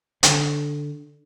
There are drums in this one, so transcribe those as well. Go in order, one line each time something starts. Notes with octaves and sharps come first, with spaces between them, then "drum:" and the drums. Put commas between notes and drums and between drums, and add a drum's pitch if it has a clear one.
D3, drum: hi-hat